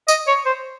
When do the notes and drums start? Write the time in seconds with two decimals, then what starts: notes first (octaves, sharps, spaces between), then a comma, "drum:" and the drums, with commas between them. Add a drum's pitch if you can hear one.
0.08 D#5, drum: tambourine
0.27 C#5
0.46 C5